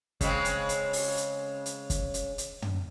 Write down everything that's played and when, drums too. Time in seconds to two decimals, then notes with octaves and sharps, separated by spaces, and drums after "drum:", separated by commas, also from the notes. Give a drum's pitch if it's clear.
0.21 C#3 G#3 C4, drum: kick, hi-hat
0.45 drum: hi-hat
0.69 drum: hi-hat
0.93 drum: open hi-hat
1.17 drum: hi-hat
1.66 drum: hi-hat
1.90 drum: kick, hi-hat
2.14 drum: hi-hat
2.38 drum: hi-hat
2.62 drum: tom